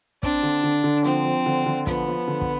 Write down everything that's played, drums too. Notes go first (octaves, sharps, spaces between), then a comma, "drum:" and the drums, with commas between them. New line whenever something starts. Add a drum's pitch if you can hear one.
C4 D4, drum: kick, hi-hat
D3
D3
D3
F3 C4, drum: hi-hat
F3
D3
D3
F3 B3, drum: kick, hi-hat
F3
D3
drum: kick